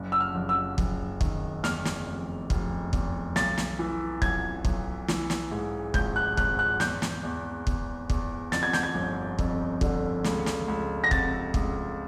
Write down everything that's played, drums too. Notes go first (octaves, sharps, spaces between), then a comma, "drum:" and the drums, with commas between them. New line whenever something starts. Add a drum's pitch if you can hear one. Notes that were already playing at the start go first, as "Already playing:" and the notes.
Already playing: F#1
E6
F6
F#1
E6
F#1, drum: kick
D#3, drum: kick
E2 F6, drum: snare
drum: snare
F1
F1, drum: kick
E2, drum: kick
B1 A6, drum: snare
drum: snare
E3
B1 G#6, drum: kick
B1, drum: kick
E3, drum: snare
drum: snare
G#2
G#1 G6, drum: kick
F#6
G#1 F#6, drum: kick
F#6
E2 G6, drum: snare
drum: snare
E2
E2, drum: kick
E2, drum: kick
F2 A6, drum: snare
G#6
G6, drum: snare
G#6
G1
F2, drum: kick
D3, drum: kick
C#2, drum: snare
drum: snare
C#2
A#6
C3 A6, drum: kick
C#2, drum: kick